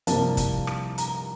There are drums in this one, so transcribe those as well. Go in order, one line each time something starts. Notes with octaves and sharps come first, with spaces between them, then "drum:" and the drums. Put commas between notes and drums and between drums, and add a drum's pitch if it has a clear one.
C2 C3 F3 A#3 A5, drum: hi-hat
drum: kick, hi-hat
drum: rim click
A#5, drum: hi-hat